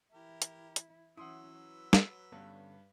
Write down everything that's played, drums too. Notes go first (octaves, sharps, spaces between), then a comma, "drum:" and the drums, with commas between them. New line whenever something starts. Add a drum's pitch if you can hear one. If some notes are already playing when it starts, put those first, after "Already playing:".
E3 E4 G4 A#4
drum: hi-hat
drum: hi-hat
E3 F#3 C#4 E4 F#5 C6 D#6 E6
B4
drum: snare
G2 D3 B3 C#4